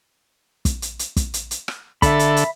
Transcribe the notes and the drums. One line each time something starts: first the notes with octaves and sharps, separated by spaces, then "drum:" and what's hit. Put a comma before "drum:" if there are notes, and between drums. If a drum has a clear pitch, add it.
drum: kick, hi-hat
drum: hi-hat
drum: hi-hat
drum: kick, hi-hat
drum: hi-hat
drum: hi-hat
drum: rim click
D3 A4 E5 B5, drum: kick, hi-hat
drum: hi-hat
drum: hi-hat